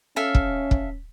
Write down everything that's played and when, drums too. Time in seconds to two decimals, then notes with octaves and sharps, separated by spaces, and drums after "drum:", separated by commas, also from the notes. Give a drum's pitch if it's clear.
0.16 C#4 A4 E5 F5
0.35 drum: kick
0.71 drum: kick